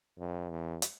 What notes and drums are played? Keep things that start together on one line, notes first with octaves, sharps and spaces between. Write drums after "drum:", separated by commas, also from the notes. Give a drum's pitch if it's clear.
F2
E2
drum: hi-hat